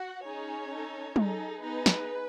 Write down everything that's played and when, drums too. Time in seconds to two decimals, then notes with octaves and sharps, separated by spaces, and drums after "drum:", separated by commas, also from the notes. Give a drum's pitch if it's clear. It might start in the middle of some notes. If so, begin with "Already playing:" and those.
Already playing: F#4 F#5
0.23 C#4 D#4 G#4 C#5
0.70 D#4 A4
1.16 D#4 G#4 A4, drum: tom
1.62 B3 D#4 G#4 B4
1.86 drum: snare